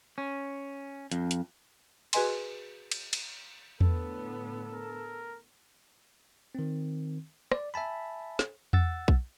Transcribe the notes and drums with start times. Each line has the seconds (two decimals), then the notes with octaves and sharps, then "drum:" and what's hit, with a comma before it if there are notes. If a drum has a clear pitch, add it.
0.18 C#4
1.12 F2, drum: hi-hat
1.31 drum: hi-hat
2.13 F#4 G#4 B4 D#5 G#5 C6, drum: cymbal
2.91 drum: cymbal
3.13 drum: cymbal
3.81 A2 D3 B3 A4, drum: tom E2
4.74 A#4
6.55 D#3 C4
7.52 D5, drum: rim click
7.74 E5 G#5 A5 B5
8.39 drum: snare
8.73 F#5 E6 A6, drum: tom E2
9.08 drum: kick B1